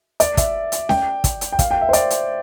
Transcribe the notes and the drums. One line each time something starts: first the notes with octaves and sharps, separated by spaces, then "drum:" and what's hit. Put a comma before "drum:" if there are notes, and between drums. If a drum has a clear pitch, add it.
D5, drum: hi-hat
E5, drum: kick, hi-hat
drum: hi-hat
G5, drum: snare C#4
drum: kick, hi-hat
drum: hi-hat
G5
F5, drum: kick, hi-hat
G5
E5
C5
D5, drum: hi-hat
drum: hi-hat